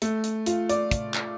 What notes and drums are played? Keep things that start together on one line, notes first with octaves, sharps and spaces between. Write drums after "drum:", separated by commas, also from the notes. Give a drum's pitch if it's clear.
A3, drum: hi-hat
drum: hi-hat
F4, drum: hi-hat
D5, drum: hi-hat
drum: kick, hi-hat
drum: clap